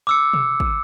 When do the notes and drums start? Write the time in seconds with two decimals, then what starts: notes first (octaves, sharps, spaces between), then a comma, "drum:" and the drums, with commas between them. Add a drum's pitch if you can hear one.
0.07 D6 E6 C#7
0.34 drum: tom B2
0.60 drum: kick